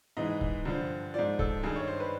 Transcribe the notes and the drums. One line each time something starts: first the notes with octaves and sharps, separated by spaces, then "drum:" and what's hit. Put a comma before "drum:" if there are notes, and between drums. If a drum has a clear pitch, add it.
G#2 E3 D#5
drum: kick C#1
G2 D3 F3
G#2 F3 D5
A4, drum: kick C#1
G2 D#3 G#4
C#5
C5
B4